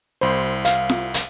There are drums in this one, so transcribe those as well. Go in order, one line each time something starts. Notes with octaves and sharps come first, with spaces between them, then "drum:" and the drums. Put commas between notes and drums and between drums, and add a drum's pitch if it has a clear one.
C2 C5 B5 C6
F5, drum: hi-hat
drum: snare F4
drum: hi-hat